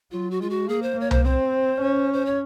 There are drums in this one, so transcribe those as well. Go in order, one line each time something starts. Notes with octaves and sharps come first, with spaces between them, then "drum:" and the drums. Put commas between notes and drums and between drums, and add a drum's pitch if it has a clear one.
F#3 F4
F#4
G#3 F4
F#4
A#3 G#4
C5
A#3 C#5
C5, drum: tom C2
C4 C5
C#4
C5
C#5